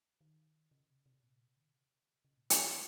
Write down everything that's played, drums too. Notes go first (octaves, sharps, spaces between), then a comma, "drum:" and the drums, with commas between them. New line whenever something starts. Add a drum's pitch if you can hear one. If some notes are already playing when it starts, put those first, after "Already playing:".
D#3
C#3
C3
C3
A#2
C3
D#3
C#3
C3
C#3
A#2
G#2, drum: hi-hat